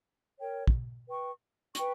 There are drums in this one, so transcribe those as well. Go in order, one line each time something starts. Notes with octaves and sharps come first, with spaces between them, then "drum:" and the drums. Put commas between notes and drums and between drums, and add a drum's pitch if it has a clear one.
A#4 C#5 G5
drum: kick
B4 G5 C#6
B4 G5 C#6, drum: hi-hat